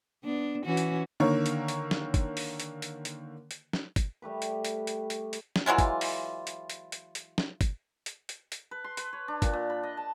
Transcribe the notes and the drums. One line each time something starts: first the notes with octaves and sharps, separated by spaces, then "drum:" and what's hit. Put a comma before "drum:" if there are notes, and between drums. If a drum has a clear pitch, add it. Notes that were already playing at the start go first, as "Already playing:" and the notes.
B3 D4
E3 C#4 F#4
drum: hi-hat
D3 D#3 A#3 A#4 C#5
drum: hi-hat
drum: hi-hat
drum: snare
drum: kick, hi-hat
drum: open hi-hat
drum: hi-hat
drum: hi-hat
drum: hi-hat
drum: hi-hat
drum: snare
drum: kick, hi-hat
G3 A3 G4 B4
drum: hi-hat
drum: hi-hat
drum: hi-hat
drum: hi-hat
drum: hi-hat
drum: snare
E3 F#3 G#3 F4
drum: kick, hi-hat
drum: open hi-hat
drum: hi-hat
drum: hi-hat
drum: hi-hat
drum: hi-hat
drum: snare
drum: kick, hi-hat
drum: hi-hat
drum: hi-hat
drum: hi-hat
B4
C6
B4, drum: hi-hat
C#5
D4
A#2, drum: kick, hi-hat
A#2
B5
D#5
A5